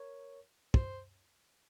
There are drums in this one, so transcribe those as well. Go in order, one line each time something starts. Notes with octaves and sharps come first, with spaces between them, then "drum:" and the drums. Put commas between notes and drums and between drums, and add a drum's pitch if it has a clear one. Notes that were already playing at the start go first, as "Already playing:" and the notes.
Already playing: A#4 C#5
C5, drum: kick